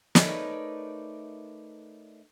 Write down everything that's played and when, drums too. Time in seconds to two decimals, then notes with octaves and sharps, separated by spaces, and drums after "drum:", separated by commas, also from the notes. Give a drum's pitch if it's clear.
0.15 A3 D#4 A#4 B4 C#5 D5, drum: snare